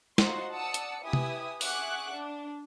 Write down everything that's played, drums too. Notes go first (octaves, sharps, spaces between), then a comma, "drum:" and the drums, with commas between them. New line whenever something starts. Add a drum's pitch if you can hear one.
D#4 F4 F#4 C5 F#5 C6, drum: snare
D5 F#5 A5 D#6 E6 C#7
drum: hi-hat
E4 G4 B4 E5 G#5 D#6
drum: tom C3
G#4 E5 F#5 C#6 D6 F#6, drum: open hi-hat
D4